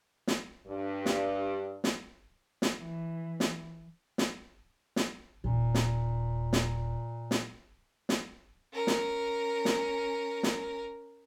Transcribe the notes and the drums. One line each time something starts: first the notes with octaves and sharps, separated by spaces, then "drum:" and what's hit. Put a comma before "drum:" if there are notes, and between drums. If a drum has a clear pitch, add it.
drum: snare
G2
drum: snare
drum: snare
drum: snare
E3
drum: snare
drum: snare
drum: snare
D#1 A#2
drum: snare
drum: snare
drum: snare
drum: snare
C#4 A#4
drum: snare
drum: snare
drum: snare